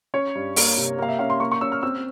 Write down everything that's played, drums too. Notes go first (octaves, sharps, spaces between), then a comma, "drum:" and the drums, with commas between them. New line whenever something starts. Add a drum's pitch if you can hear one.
C#4 C#5
G2
A#3, drum: open hi-hat
C3
A#3 F5
E5
C#4 F5
C6
A#3 C#6
C#6
C#4 E6
F6
C4 E6